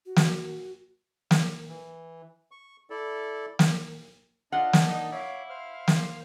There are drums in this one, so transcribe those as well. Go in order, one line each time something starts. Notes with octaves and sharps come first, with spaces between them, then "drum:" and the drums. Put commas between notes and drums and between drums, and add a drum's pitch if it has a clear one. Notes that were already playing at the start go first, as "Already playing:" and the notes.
F#4
drum: snare
drum: snare
E3
C#6
E4 A4 D5
drum: snare
D4 F4 D#5 F#5 A5
drum: snare
D#4
E4 C#5 F5 D6
C5 F5 F6
drum: snare